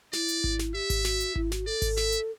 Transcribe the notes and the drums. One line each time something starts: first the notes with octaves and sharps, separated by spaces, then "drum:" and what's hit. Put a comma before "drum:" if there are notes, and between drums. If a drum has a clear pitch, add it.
E4 D5, drum: snare
drum: hi-hat
drum: kick G#1
drum: snare
G4 E5
drum: kick G#1, open hi-hat
F#4, drum: snare
drum: hi-hat
E4, drum: kick G#1
F#4, drum: snare
A4 D5
drum: kick G#1, open hi-hat
E5, drum: snare
drum: hi-hat